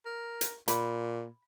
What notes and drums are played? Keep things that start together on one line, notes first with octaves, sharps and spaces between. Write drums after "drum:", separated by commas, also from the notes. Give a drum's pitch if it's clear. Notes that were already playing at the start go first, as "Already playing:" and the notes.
A#4
drum: hi-hat
A#2 B5, drum: hi-hat